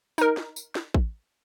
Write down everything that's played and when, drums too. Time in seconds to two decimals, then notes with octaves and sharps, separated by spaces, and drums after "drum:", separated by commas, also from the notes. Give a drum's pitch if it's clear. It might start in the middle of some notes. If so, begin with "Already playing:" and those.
0.18 D#4 A#4, drum: tambourine
0.37 drum: snare
0.56 drum: tambourine
0.75 drum: snare
0.94 drum: kick